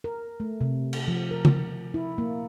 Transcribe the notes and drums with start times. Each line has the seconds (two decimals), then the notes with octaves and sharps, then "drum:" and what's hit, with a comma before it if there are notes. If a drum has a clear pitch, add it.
0.04 A#4
0.40 A3
0.61 C3
0.93 drum: cymbal
1.08 F3
1.31 A#4
1.45 drum: tom C#3
1.94 E4
2.18 A#3